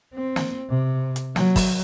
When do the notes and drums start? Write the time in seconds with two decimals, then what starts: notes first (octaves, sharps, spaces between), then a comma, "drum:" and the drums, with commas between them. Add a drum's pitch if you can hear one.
0.15 C4
0.36 drum: snare
0.70 C3
1.16 drum: hi-hat
1.36 F#3, drum: snare
1.56 drum: kick, open hi-hat